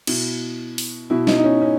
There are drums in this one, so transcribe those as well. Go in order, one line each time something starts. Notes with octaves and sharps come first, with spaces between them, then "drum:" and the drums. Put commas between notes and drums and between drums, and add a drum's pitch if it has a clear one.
B2 E4, drum: cymbal
drum: open hi-hat
B2 E4
D#4, drum: snare
D#4
C#4
C#4